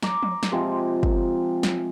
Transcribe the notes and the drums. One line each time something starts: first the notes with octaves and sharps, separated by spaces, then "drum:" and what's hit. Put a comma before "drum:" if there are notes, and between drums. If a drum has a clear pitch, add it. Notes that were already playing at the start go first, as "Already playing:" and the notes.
A#5 C6 D6, drum: snare
drum: tom F3
drum: snare
C3 F3 G#3 C4
drum: kick
drum: snare